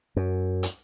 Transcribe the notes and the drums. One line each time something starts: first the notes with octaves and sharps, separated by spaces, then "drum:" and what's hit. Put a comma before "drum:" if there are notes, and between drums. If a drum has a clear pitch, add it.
F#2
drum: hi-hat